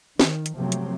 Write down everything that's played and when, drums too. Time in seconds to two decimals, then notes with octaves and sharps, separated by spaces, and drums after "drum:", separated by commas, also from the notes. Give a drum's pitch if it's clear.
0.20 D#3, drum: snare
0.46 drum: hi-hat
0.57 C3 F3 F#3 A3 A#3 C4
0.72 drum: hi-hat